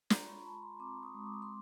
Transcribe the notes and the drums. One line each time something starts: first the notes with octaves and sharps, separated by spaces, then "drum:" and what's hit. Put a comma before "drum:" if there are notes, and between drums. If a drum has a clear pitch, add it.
F4 A#5 C6, drum: snare
B5 C#6
G#3 A5 B5
A#5 C6
C4 C6 D6
C#6 D#6
G#3
D6
D#6
C6 D6